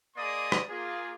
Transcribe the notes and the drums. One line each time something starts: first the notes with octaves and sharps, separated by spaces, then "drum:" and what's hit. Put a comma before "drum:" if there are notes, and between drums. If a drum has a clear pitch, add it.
A#3 G#4 D5 D#5 C6 D#6
drum: rim click
A#3 F4 G#4